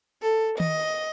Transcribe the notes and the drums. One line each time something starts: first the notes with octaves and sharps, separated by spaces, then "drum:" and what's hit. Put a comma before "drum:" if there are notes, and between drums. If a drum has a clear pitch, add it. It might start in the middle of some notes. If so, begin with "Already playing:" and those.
A4
D#5, drum: tom D#3